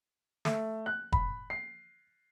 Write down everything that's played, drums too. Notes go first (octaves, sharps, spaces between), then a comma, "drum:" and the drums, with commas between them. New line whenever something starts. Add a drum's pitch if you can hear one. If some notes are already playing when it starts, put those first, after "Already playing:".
A3, drum: snare
F#6
B5, drum: kick
C7